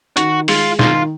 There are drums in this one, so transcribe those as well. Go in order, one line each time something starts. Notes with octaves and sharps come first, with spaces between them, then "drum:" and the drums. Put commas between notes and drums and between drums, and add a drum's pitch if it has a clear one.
D#3 F#4, drum: hi-hat
G#3 F4, drum: open hi-hat
D#3 F4, drum: snare